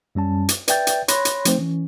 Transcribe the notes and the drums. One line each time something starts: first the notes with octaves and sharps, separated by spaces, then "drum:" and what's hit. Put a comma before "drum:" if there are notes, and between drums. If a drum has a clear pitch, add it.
F#2 G3 C#4 A5
drum: hi-hat
B4 D5 E5 G5 G6 A6, drum: hi-hat
drum: hi-hat
C#5 B5 C6 F#6 A#6, drum: hi-hat
drum: hi-hat
F3 A3 C4 D#4 C5, drum: hi-hat
E3 C#4